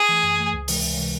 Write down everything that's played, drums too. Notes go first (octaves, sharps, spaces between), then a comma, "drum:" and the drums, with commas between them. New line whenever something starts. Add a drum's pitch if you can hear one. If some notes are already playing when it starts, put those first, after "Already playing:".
Already playing: G#4
E3 A3
F#2
E3 A3
C#2
C3 E3 G#3, drum: open hi-hat
C#2
C3 E3 G#3